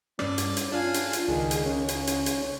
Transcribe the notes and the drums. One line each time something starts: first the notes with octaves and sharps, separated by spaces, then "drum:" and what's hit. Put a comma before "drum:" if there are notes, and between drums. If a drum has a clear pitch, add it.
G2 C#4 D5, drum: rim click
drum: hi-hat
drum: hi-hat
D4 F4 F5 G#5
drum: hi-hat
drum: hi-hat
C#2 D#3 G#4
drum: hi-hat
C#3 C#4
drum: hi-hat
drum: hi-hat
drum: hi-hat